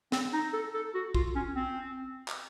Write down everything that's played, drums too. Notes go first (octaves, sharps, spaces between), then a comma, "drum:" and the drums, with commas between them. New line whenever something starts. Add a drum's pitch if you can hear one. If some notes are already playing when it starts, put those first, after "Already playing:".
C4, drum: snare
D#4
A4
A4
F#4
F4, drum: kick
C#4
C4
drum: clap